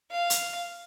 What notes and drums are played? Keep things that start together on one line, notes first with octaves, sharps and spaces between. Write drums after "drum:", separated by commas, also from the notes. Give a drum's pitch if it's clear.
F5
drum: hi-hat